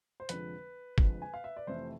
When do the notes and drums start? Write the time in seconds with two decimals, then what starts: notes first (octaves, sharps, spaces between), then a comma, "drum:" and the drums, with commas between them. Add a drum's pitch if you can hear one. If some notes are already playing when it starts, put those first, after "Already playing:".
0.20 C5
0.29 F1 F2 D3 F3 G#3 B4, drum: hi-hat
0.98 F1 F2 D3 F3 G#3, drum: kick G#1
1.22 G#5
1.34 F5
1.44 E5
1.57 D5
1.67 F1 F2 C3 E3 A3 C5